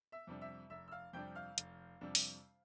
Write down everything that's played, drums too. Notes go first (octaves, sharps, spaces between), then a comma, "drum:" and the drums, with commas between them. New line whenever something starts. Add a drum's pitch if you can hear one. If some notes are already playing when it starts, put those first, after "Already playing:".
E5 E6
F2 C3 G3 D4
E5 E6
F1 E5 E6
E6
F5 F6
F2 C3 G3 D4 G5 G6
F5 F6
F1, drum: hi-hat
F2 C3 G3 D4
drum: open hi-hat